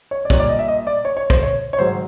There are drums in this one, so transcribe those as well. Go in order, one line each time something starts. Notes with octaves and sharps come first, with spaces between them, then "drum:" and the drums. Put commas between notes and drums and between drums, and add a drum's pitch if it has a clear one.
C#5
D5
A#2 G3 A#3 C#5, drum: kick
D5
D#5
E5
D#5
D5
C#5
C#5
C5, drum: kick
C#5
C#5
G#2 D#3 F#3 C5